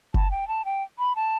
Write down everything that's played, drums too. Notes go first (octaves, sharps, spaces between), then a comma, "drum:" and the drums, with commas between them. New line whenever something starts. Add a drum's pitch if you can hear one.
A5, drum: kick F#1
G5
A5
G5
B5
A5